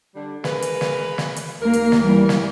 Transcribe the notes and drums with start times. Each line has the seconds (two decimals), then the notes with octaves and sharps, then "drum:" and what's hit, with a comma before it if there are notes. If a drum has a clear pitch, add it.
0.15 D3 G3 D4
0.44 G#3 A#4 B4, drum: snare
0.62 drum: hi-hat
0.81 drum: snare
1.18 drum: snare
1.36 drum: hi-hat
1.62 D#2 A#3 A#4
1.73 drum: hi-hat
1.92 drum: snare
2.01 E3 G3
2.29 drum: snare